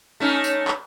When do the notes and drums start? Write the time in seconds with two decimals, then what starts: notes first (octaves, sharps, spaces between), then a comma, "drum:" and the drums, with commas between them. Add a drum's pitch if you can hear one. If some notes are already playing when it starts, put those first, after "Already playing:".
0.20 A3 C#4 D#4
0.44 drum: tambourine
0.68 drum: clap